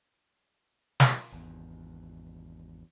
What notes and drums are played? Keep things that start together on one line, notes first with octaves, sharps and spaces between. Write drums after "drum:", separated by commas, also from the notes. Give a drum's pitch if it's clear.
drum: snare
G#1 E2